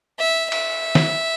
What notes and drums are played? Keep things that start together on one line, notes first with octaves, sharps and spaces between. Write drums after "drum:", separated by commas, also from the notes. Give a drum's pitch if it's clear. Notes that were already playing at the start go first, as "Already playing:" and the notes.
E5
E5, drum: cymbal
drum: snare